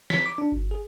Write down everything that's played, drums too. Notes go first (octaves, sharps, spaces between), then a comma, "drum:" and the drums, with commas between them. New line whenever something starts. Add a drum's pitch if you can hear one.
B6, drum: snare
D6
D4
G1
G#4